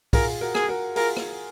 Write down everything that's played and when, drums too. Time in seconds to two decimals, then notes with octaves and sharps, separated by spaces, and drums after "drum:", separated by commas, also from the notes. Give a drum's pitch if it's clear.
0.13 F4 G#4 A#4, drum: kick C2, open hi-hat
0.41 F#4 A#4
0.55 G#4, drum: rim click
0.68 F#4 A#4
0.96 F4 G#4 A#4, drum: open hi-hat
1.16 drum: rim click